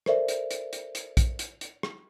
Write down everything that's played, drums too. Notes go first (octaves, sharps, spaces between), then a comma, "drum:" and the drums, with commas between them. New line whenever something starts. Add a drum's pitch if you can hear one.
A4 A#4 C5 D5 E5, drum: rim click
drum: hi-hat
drum: hi-hat
drum: hi-hat
drum: hi-hat
drum: kick A#1, hi-hat
drum: hi-hat
drum: hi-hat
drum: rim click